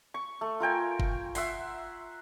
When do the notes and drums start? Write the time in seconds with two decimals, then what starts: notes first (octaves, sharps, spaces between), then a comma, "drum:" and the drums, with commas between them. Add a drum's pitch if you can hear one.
0.14 C#6
0.41 A3
0.60 F4 A#4 G5 G#5
1.00 drum: kick F#1
1.35 E5 F#5 C6, drum: open hi-hat